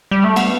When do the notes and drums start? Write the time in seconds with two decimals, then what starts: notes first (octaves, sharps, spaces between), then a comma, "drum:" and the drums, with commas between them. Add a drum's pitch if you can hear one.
0.11 G3
0.24 A3
0.36 B3, drum: cymbal